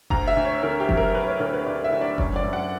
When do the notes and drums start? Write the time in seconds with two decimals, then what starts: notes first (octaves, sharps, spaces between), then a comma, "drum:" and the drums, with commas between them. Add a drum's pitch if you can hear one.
0.10 D2 A#5, drum: kick F#1
0.27 E5
0.37 D2
0.45 C#5
0.63 D3 A#4
0.80 G4
0.89 F#3, drum: kick F#1
0.97 A#4
1.14 D2 B4
1.27 C#5
1.40 D2 A#4
1.53 B4
1.66 D2 D5
1.84 E5
1.92 D2
2.01 D5
2.18 F#2 C#5, drum: kick F#1
2.36 D5
2.44 F#2
2.53 F#5